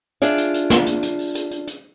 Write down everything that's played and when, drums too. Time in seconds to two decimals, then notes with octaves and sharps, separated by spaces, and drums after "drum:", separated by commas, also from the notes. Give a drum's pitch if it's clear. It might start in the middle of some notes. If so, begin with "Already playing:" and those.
0.22 D4 F4 G#4 D5 E5, drum: hi-hat
0.38 drum: hi-hat
0.54 drum: hi-hat
0.70 drum: snare
0.86 drum: hi-hat
1.03 drum: hi-hat
1.19 drum: open hi-hat
1.35 drum: hi-hat
1.51 drum: hi-hat
1.67 drum: hi-hat